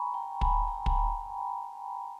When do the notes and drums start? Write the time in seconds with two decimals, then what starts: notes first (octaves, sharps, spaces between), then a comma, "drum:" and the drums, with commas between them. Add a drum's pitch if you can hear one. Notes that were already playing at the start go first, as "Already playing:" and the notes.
Already playing: G#5 A#5 B5 C#6
0.14 G5 A#5
0.41 G#5 B5, drum: kick
0.67 G5 A#5
0.86 drum: kick